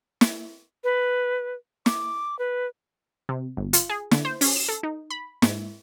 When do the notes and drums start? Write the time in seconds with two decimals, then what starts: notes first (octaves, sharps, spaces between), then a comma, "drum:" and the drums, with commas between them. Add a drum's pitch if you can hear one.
0.21 drum: snare
0.84 B4
1.86 D6, drum: snare
2.39 B4
3.29 C3
3.57 G1
3.73 F4, drum: hi-hat
3.89 G#4
4.11 D3, drum: snare
4.25 C5
4.41 C#4, drum: open hi-hat
4.56 E7
4.69 A4
4.83 D#4
5.10 B5
5.42 G#2, drum: snare